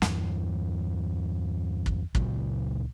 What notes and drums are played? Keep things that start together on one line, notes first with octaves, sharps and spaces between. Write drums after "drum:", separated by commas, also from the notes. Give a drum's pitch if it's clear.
E2 G2 E3, drum: snare
drum: kick
C#2 A#2 C#3 F#3, drum: kick